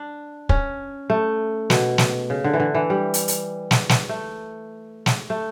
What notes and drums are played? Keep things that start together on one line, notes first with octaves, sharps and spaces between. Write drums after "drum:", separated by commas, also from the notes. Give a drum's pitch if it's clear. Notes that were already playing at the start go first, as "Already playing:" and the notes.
Already playing: D4
C#4, drum: kick
A3
B2, drum: snare
drum: snare
C#3
D3
E3
D3
E3
G3
drum: hi-hat
drum: hi-hat
drum: snare
drum: snare
A3
drum: snare
A3